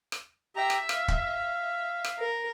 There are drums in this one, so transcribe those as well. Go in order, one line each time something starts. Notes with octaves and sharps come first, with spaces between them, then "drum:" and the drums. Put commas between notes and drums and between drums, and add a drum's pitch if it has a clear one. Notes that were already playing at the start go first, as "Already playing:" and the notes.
drum: rim click
G4 E5 A#5
drum: rim click
F5, drum: rim click
drum: kick
E5
drum: rim click
A#4